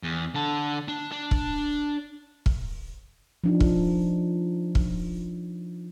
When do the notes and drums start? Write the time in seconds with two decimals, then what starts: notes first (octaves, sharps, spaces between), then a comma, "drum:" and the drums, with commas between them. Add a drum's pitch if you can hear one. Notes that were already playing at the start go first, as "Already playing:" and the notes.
0.03 E2
0.34 D3 A5
0.88 D4
1.12 D4
1.31 drum: kick
2.46 drum: kick
3.44 F3 D4 D#4
3.60 drum: kick
4.75 drum: kick